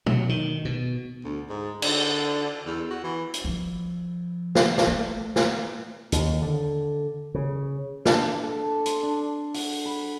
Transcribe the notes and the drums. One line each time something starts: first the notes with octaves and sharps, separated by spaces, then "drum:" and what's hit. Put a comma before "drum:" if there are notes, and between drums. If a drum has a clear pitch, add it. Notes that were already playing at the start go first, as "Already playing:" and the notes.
F#3, drum: tom
D#3
B2
D2
G#2
D3, drum: cymbal
E2
F#4
E3
drum: hi-hat
F3
drum: snare
drum: snare
A3
drum: snare
D#2, drum: hi-hat
D3
C#3
D4, drum: snare
A4
C6, drum: hi-hat
D4
F#4, drum: open hi-hat
B5